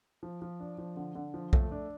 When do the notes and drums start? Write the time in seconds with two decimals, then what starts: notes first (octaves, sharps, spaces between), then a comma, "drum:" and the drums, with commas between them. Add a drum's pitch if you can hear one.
0.23 F3
0.42 F3
0.60 D4
0.78 F3
0.96 D3
1.15 D3
1.34 F3
1.53 A3, drum: kick B1
1.71 D4